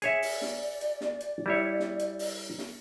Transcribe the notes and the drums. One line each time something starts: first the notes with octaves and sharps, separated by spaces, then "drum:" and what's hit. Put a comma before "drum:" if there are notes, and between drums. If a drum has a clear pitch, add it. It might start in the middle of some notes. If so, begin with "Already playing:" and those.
G#4 C#5 E5, drum: hi-hat
D5, drum: open hi-hat
drum: snare
drum: hi-hat
drum: snare
drum: hi-hat
G3 E4 C#5
drum: snare
drum: hi-hat
drum: open hi-hat
drum: snare